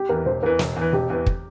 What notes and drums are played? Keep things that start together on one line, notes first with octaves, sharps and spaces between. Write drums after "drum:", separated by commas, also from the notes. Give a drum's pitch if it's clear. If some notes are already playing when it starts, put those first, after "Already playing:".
Already playing: G4
E2 E3 A#4
E1 C5
E2 E3 A#4
E1, drum: snare
E2
E3
E1 G4
E2 E3
drum: kick